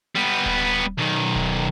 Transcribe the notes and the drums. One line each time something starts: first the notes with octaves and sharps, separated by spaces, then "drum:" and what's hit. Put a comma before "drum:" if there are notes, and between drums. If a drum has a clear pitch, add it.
G3 B3
drum: kick D1
B1 D#3
drum: kick D1